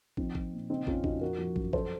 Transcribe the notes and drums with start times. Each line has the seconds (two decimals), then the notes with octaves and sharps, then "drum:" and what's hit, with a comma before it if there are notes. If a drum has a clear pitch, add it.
0.17 F3 C4 D#4, drum: kick
0.35 F3, drum: kick
0.52 A#2
0.70 C#3 C4 D#4
0.87 F2 C#4 F4, drum: kick
1.04 F2 D#4 F#4, drum: kick
1.21 F3 F#4 A#4
1.38 F3
1.56 F#2, drum: kick
1.73 F3 A4 C5, drum: kick